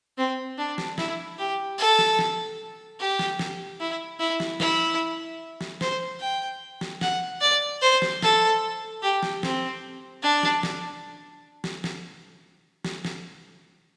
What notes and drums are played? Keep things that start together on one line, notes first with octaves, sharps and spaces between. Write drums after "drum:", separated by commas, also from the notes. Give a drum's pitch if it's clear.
C4
D4
drum: snare
E4, drum: snare
G4
A4
drum: snare
drum: snare
G4
drum: snare
drum: snare
E4
E4
drum: snare
E4, drum: snare
drum: snare
C5, drum: snare
G5
drum: snare
F#5, drum: snare
D5
C5
drum: snare
A4, drum: snare
G4
drum: snare
C4, drum: snare
D4
drum: snare
drum: snare
drum: snare
drum: snare
drum: snare
drum: snare